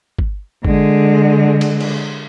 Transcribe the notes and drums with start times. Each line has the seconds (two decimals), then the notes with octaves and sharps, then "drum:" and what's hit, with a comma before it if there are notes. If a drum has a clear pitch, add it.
0.19 drum: kick
0.65 D3 G#3, drum: kick
1.61 drum: cymbal
1.81 drum: cymbal